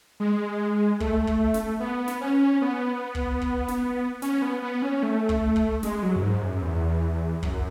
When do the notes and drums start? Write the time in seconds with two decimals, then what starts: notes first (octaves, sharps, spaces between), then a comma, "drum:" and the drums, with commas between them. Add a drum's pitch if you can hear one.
0.20 G#3
1.00 A3, drum: kick
1.27 drum: kick
1.54 drum: snare
1.80 B3
2.08 drum: snare
2.21 C#4
2.62 B3
3.15 drum: kick
3.41 drum: kick
3.68 drum: snare
4.22 C#4, drum: snare
4.42 B3
4.62 B3
4.82 C#4
5.03 A3
5.29 drum: kick
5.56 drum: kick
5.83 G#3, drum: snare
6.03 F#3
6.16 F#2
6.22 G#2
6.42 F#2
6.62 E2
7.43 F#2, drum: kick